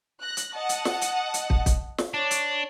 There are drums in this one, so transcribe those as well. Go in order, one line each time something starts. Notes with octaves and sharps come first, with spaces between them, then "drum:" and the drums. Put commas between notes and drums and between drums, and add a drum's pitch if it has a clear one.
F#6 A#6
drum: hi-hat
D#5 F#5 A5
drum: hi-hat
drum: snare
drum: hi-hat
drum: hi-hat
drum: kick
drum: kick, hi-hat
drum: snare
D4 C#5
drum: hi-hat